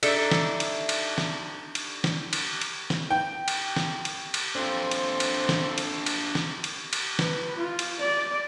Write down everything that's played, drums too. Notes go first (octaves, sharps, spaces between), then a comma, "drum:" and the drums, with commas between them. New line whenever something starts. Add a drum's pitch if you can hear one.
D4 D#4 A4 E5, drum: cymbal
drum: snare
drum: cymbal
drum: cymbal
drum: snare
drum: cymbal
drum: snare
drum: cymbal
drum: cymbal
drum: snare
G5
drum: cymbal
drum: snare
drum: cymbal
drum: cymbal
C4 D4 F4 A4 C5
drum: cymbal
drum: cymbal
drum: snare
drum: cymbal
drum: cymbal
drum: snare
drum: cymbal
drum: cymbal
B4, drum: snare
F4
drum: cymbal
D5